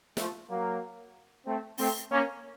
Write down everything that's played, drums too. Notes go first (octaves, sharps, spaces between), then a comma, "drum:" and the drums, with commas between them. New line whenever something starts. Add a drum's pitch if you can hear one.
F3 A3, drum: snare
F#3 A#3
A3 C4
A3 C4, drum: open hi-hat
A#3 C#4